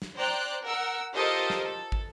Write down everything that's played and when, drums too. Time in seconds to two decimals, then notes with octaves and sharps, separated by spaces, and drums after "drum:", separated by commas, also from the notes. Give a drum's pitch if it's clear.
0.02 drum: snare
0.15 C5 D5 G5 A#5 F#6
0.65 A#4 F#5 E6
1.14 F4 G4 A4 A#4 C5 D#5
1.50 drum: snare
1.64 A4
1.92 drum: kick